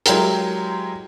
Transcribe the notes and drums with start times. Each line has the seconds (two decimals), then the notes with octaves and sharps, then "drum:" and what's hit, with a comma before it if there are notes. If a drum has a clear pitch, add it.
0.06 F#3 G#3 E4 G4 A#4, drum: hi-hat